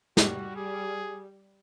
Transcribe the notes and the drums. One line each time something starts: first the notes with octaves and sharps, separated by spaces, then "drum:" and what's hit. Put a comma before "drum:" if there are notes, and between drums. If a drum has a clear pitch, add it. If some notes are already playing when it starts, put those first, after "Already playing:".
G3 F#4, drum: snare
G#4